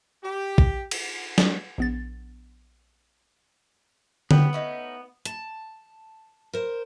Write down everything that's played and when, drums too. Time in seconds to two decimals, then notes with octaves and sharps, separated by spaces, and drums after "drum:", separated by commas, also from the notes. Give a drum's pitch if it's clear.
0.24 G4
0.58 drum: kick
0.91 drum: cymbal
1.38 drum: snare
1.78 A#1 B3 A6
4.31 B3 G4, drum: tom D3
4.53 A3 C#4 D#4
5.25 A5, drum: hi-hat
6.53 A#4 C5